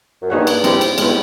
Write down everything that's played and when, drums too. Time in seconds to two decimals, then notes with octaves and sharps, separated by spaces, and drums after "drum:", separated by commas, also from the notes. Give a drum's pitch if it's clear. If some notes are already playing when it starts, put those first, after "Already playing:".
0.21 F#2
0.30 G2 A#3 D#4 G#4 C#5 F#5
0.47 drum: cymbal
0.64 G3 C4 E4 G4 C5, drum: cymbal
0.81 drum: cymbal
0.98 G2 G#3 B3 E4, drum: cymbal